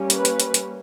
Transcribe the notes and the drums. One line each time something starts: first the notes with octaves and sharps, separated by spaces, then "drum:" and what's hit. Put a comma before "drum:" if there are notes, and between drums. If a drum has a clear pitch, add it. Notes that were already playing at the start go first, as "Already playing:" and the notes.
Already playing: G3 A#3 C#4
B4, drum: hi-hat
drum: hi-hat
drum: hi-hat
drum: hi-hat